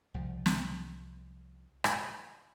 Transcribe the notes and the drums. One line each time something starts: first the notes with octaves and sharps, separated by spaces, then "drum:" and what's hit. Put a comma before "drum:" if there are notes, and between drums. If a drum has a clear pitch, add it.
C2 F3
drum: snare
drum: rim click